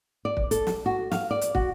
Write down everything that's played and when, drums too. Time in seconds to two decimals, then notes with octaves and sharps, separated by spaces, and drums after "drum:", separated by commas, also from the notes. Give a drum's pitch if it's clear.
0.25 D5
0.37 drum: kick
0.51 A4, drum: hi-hat
0.67 drum: snare
0.86 F#4
1.12 F5, drum: snare
1.31 D5
1.41 drum: hi-hat
1.55 F#4, drum: kick